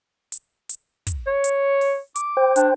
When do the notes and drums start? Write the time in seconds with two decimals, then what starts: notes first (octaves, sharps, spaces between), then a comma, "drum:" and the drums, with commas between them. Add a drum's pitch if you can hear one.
0.32 drum: hi-hat
0.69 drum: hi-hat
1.07 drum: kick, hi-hat
1.27 C#5
1.44 drum: hi-hat
1.81 drum: open hi-hat
2.16 D6, drum: hi-hat
2.37 C5 G5
2.56 D4, drum: hi-hat